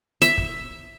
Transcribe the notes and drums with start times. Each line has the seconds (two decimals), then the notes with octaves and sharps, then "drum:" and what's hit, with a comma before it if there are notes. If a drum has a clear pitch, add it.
0.22 E5, drum: hi-hat
0.38 drum: kick